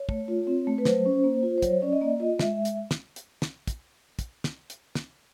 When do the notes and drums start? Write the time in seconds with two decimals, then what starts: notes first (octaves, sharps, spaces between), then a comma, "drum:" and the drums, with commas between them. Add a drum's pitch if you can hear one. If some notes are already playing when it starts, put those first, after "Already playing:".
Already playing: C#5
0.09 A3, drum: kick
0.28 F4
0.47 C4
0.67 A3
0.78 B4
0.85 F#3 C5, drum: snare
1.06 C#4
1.24 A#3
1.43 F4
1.58 C5
1.62 F#3 C#5, drum: kick, hi-hat
1.82 C#4 D5
1.92 D#5
2.01 A#3 D5
2.20 F4 D#5
2.39 G#3 E5, drum: snare
2.65 drum: hi-hat
2.91 drum: snare
3.16 drum: hi-hat
3.42 drum: snare
3.67 drum: kick, hi-hat
4.19 drum: kick, hi-hat
4.44 drum: snare
4.70 drum: hi-hat
4.95 drum: snare